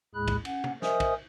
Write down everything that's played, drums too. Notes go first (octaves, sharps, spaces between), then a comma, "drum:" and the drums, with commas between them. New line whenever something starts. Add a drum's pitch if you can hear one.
D#2 A2 G#3 G#4 B5 F#6
drum: kick, cymbal
C#4 F#5, drum: cymbal
drum: tom
A#4 C5 D#5 E5 G#5 D#6, drum: snare
drum: kick, cymbal